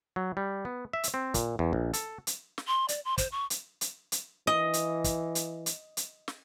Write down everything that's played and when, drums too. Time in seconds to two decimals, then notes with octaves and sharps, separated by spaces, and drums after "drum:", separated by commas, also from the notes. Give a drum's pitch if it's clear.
0.16 F#3
0.37 G3
0.65 B3
0.93 E5
1.03 drum: hi-hat
1.14 C4
1.34 A#2, drum: kick, hi-hat
1.59 E2
1.73 A#1
1.93 A4, drum: hi-hat
2.27 drum: hi-hat
2.58 drum: snare
2.67 C6
2.88 D5, drum: hi-hat
3.05 C6
3.18 C5, drum: kick, hi-hat
3.32 C#6
3.50 drum: hi-hat
3.81 drum: hi-hat
4.12 drum: hi-hat
4.47 E3 D#5
4.73 drum: hi-hat
5.04 drum: kick, hi-hat
5.35 drum: hi-hat
5.66 drum: hi-hat
5.97 drum: hi-hat
6.28 drum: snare